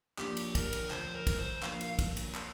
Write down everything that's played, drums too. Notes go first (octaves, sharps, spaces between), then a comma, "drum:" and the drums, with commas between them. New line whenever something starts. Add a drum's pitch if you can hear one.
A#1 A#2 F3 D4 G4, drum: clap
drum: cymbal
A#4, drum: kick, cymbal
drum: cymbal
D2 D3 F3 C5, drum: clap
A#4
drum: kick, cymbal
C5
A#1 A#2 F3 A#3 D4 F5, drum: clap
drum: cymbal
drum: kick, cymbal
drum: cymbal
drum: clap